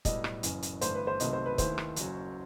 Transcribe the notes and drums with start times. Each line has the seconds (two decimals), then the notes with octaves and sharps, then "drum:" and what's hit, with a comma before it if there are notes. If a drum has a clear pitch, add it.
0.05 B1 A2 G3 B3 D#5, drum: kick, hi-hat
0.24 drum: rim click
0.43 F#1 F#2 E3, drum: hi-hat
0.62 drum: hi-hat
0.81 G1 G2 E3 A3 C5, drum: hi-hat
0.95 B4
1.07 C5
1.20 C2 C3 D#3 F#3 A3 D#5, drum: hi-hat
1.33 C5
1.46 B4
1.58 D#2 D#3 A3 E4 B4 C5, drum: kick, hi-hat
1.78 drum: rim click
1.96 F#1 F#2 F#3, drum: hi-hat